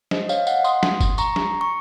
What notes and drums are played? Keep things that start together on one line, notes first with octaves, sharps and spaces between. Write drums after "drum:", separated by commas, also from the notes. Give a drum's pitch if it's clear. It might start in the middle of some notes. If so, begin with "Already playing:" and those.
C5 D#5, drum: snare
C#5 F5, drum: tambourine
D#5 F#5, drum: tambourine
C6 D#6, drum: tambourine
drum: snare
drum: kick, tambourine
A#5 C#6, drum: tambourine
drum: snare
C#6